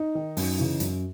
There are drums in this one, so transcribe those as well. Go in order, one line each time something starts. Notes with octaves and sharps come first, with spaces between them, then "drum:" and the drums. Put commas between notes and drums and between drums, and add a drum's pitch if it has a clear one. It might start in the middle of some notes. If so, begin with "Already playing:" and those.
Already playing: D#4
D#3
F#2, drum: open hi-hat
C#3 E3
F#2, drum: hi-hat